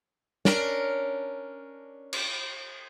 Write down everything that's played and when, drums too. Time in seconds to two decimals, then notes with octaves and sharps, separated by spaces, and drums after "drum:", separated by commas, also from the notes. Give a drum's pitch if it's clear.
0.45 C#4 D4 A#4, drum: snare
2.13 drum: cymbal